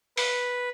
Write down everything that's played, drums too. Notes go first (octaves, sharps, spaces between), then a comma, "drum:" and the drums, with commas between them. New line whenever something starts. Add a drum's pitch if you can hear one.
B4, drum: open hi-hat